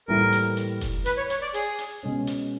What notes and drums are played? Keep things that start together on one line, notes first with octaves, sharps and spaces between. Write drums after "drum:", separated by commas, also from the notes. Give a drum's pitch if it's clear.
A2 E3 G3 A#3 A#4
drum: hi-hat
drum: hi-hat
drum: kick F1, hi-hat
B4, drum: hi-hat
C#5
C#5, drum: hi-hat
D5
G#4, drum: hi-hat
drum: hi-hat
B2 G#3 C#4
drum: hi-hat